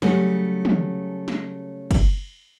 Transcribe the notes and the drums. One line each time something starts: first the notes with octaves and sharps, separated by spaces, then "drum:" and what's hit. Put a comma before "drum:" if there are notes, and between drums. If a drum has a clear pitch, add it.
C#3 F#3 G3 A3, drum: snare
drum: tom
drum: snare
drum: kick, cymbal